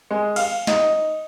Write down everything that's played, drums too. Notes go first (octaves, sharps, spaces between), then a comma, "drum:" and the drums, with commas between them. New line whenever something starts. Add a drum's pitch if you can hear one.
G#3
F5, drum: cymbal
D#4, drum: snare
D#4